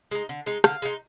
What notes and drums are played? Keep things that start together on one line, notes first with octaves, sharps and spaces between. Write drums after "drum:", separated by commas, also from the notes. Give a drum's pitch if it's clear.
G#3 D#4
D3
G#3 D#4
D3 F5, drum: rim click
G#3 D#4